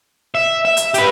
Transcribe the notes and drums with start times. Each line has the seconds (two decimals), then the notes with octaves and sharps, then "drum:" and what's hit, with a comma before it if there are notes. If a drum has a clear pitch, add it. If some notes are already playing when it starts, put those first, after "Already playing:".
0.35 E5
0.65 E5
0.77 drum: hi-hat
0.94 G4 B4, drum: hi-hat